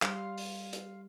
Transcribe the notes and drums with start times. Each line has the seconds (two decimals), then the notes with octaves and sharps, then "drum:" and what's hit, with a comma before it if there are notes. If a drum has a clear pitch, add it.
0.02 G3 F5 C6, drum: clap
0.38 drum: open hi-hat
0.73 drum: hi-hat